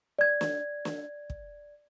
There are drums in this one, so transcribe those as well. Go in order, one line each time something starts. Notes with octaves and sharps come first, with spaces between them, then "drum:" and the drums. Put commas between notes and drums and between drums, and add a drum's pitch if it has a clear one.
D5 G#6
drum: snare
drum: snare
drum: kick